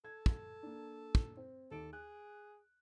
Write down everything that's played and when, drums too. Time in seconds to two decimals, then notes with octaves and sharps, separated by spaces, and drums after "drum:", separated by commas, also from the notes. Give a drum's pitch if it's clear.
0.05 A4 G#6
0.26 drum: kick
0.63 A#3 D4
1.15 drum: kick
1.37 C4
1.71 D#2 A4 D7
1.93 G#4 F#6